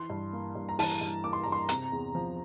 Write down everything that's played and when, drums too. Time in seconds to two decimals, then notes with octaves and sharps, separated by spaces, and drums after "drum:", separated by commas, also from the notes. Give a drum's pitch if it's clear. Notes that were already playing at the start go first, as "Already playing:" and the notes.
Already playing: E3 C6
0.10 G2
0.33 A#3
0.55 G2
0.69 A#5
0.79 E3 A5, drum: open hi-hat
1.01 G2
1.24 A#3 D6
1.33 C6
1.44 G2 A#5
1.52 C6
1.69 C3 A#5, drum: hi-hat
1.92 E2
2.15 F3